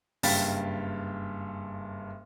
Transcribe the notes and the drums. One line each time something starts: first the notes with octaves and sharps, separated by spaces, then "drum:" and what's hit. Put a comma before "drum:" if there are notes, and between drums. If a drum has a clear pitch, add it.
F#1 G2 F5 G5 A6 B6, drum: open hi-hat